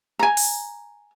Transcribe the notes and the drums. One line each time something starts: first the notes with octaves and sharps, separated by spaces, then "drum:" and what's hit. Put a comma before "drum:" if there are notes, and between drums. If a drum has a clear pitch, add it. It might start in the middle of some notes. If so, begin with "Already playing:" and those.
G#5 A#5
drum: open hi-hat